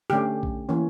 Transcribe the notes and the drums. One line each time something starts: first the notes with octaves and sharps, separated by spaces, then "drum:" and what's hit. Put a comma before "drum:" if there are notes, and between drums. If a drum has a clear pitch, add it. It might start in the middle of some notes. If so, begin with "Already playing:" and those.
D3 A3 C#4 G4
drum: kick A#1
E3 A#3 C#4